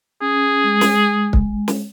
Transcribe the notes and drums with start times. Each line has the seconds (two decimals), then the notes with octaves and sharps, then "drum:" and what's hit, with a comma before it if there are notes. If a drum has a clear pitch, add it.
0.21 C#4 G#4
0.64 G#3
0.81 drum: snare
1.33 drum: kick
1.68 drum: snare